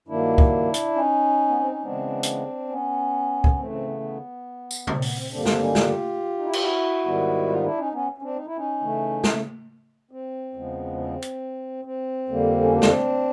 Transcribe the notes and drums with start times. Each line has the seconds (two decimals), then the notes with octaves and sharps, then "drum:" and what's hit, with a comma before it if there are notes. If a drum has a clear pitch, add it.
0.07 G2 D#3 F#3 A#3 D4 E4
0.38 drum: kick
0.74 drum: hi-hat
0.95 C#4 D#4
1.48 B3
1.59 C4
1.71 C#4
1.82 C#3 E3 G#3 B3 C4 D4
2.23 drum: hi-hat
2.69 B3 C#4
3.44 drum: kick
3.56 C#3 E3 A3 C4
3.71 C4
3.86 B3
4.00 B3
4.71 drum: tambourine
4.87 C4, drum: tom A#2
5.02 B3, drum: open hi-hat
5.16 C4
5.31 G2 D3 G3 A#3 C4 D4
5.45 C4 D4, drum: snare
5.60 C#4 D#4
5.75 F4 G4, drum: snare
6.38 D#4
6.45 E4
6.53 F4, drum: cymbal
6.62 E4 F#4
7.05 G#2 D#3 G3 B3
7.49 D#4 F4
7.64 D4 E4
7.78 C#4 D#4
7.92 B3 C#4
8.18 C#4
8.22 C4 D4
8.36 D#4
8.47 E4
8.56 C#4 D#4
8.81 C#3 E3 A3
9.24 drum: snare
10.11 C4
10.54 E2 C#3 F3 G#3 B3
10.98 C4
11.22 drum: hi-hat
11.85 C4
12.29 F2 D3 G3 A#3
12.61 C#4
12.72 C4 D4
12.82 drum: snare